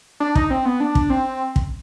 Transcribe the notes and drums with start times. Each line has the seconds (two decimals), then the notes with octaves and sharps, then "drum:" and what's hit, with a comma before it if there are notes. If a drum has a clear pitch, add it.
0.20 D4
0.35 D#4, drum: kick
0.51 C4
0.65 B3
0.80 D4
0.95 drum: kick
1.10 C4
1.56 drum: kick